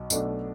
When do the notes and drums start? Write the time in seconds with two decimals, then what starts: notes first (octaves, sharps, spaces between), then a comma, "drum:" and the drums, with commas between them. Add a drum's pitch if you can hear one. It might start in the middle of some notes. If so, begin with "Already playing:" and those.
Already playing: B1 B2
0.10 B1 B2 A3 D4, drum: tambourine